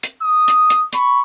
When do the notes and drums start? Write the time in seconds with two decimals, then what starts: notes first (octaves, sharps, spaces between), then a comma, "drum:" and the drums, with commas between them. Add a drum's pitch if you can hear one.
0.03 drum: hi-hat
0.21 D#6
0.48 drum: hi-hat
0.70 drum: hi-hat
0.93 B5 C#6, drum: hi-hat